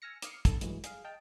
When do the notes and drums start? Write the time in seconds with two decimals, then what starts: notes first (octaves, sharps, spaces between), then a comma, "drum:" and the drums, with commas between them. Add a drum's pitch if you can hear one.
0.02 G#5 E6 F6 A#6 C#7
0.22 D6 D#6 F6 C7 C#7, drum: hi-hat
0.45 D3 A4, drum: kick, hi-hat
0.61 G2 E3 F#3 G#3, drum: hi-hat
0.84 G#4 F5, drum: hi-hat
1.04 D#5 G5 A5 F6